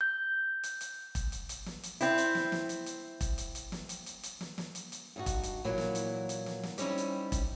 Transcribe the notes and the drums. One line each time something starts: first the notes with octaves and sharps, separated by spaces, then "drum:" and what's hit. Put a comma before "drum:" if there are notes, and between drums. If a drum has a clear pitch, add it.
G6
drum: hi-hat
drum: hi-hat
drum: kick E1, hi-hat
drum: hi-hat
drum: hi-hat
drum: snare
drum: hi-hat
C4 E4, drum: hi-hat
drum: hi-hat
drum: snare
drum: snare
drum: hi-hat
drum: hi-hat
drum: kick E1, hi-hat
drum: hi-hat
drum: hi-hat
drum: snare
drum: hi-hat
drum: hi-hat
drum: hi-hat
drum: snare
drum: snare
drum: hi-hat
drum: hi-hat
G2 D#4 F#4
drum: kick E1, hi-hat
drum: hi-hat
A#2 E3 F#3 A#3
drum: snare
drum: hi-hat
drum: hi-hat
drum: snare
drum: snare
G3 C4 C#4 D#4 E4, drum: hi-hat
drum: hi-hat
drum: kick E1, hi-hat